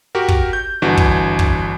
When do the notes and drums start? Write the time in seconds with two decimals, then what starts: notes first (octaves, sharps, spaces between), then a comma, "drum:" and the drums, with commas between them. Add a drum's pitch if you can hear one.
0.15 F#4 G4 A#4
0.28 drum: kick
0.53 G6
0.82 G1 E3 D4 F#4
0.97 drum: kick
1.39 drum: kick